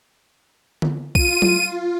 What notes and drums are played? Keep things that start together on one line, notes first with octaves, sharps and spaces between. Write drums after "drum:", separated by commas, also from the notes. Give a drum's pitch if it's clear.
drum: tom D3
F4 D#7, drum: kick C2
drum: tom F#3